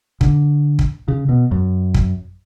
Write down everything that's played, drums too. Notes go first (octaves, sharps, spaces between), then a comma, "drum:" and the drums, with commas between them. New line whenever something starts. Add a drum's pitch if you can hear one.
D3, drum: kick
drum: kick
C#3
B2
F#2
drum: kick